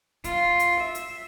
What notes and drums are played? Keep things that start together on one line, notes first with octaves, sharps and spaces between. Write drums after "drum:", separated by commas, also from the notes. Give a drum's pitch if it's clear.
F4, drum: kick, hi-hat
drum: hi-hat
E5
drum: hi-hat